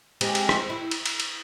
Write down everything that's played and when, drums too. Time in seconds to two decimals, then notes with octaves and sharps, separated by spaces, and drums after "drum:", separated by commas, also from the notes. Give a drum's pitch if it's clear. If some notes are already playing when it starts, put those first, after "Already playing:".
0.21 G#3 C4 G4, drum: cymbal
0.35 drum: cymbal
0.49 drum: rim click
0.70 E4
0.91 drum: cymbal
1.06 drum: cymbal
1.20 drum: cymbal